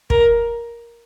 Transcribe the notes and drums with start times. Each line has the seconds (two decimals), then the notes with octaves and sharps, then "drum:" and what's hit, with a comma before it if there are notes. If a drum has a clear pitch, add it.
0.10 A#4, drum: kick